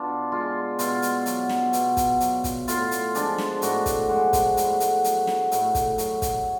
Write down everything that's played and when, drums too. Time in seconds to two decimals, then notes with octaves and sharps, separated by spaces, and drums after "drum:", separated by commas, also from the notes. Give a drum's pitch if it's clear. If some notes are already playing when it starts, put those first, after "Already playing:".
Already playing: B2 D4 F4
0.32 G#3 F4
0.79 B2 F4, drum: hi-hat
1.02 drum: hi-hat
1.26 F#3, drum: hi-hat
1.49 drum: snare
1.73 B2, drum: hi-hat
1.97 drum: kick, hi-hat
2.20 F#3, drum: hi-hat
2.44 drum: kick, hi-hat
2.68 A2 F4, drum: hi-hat
2.91 drum: hi-hat
3.15 F3 G#3 D4, drum: hi-hat
3.38 drum: snare
3.62 A2 F#4, drum: hi-hat
3.86 drum: kick, hi-hat
4.09 F3 G#3 F#4
4.33 drum: kick, hi-hat
4.57 A2, drum: hi-hat
4.80 drum: hi-hat
5.04 F#3, drum: hi-hat
5.27 drum: snare
5.52 A2, drum: hi-hat
5.75 drum: kick, hi-hat
5.98 F#3, drum: hi-hat
6.22 drum: kick, hi-hat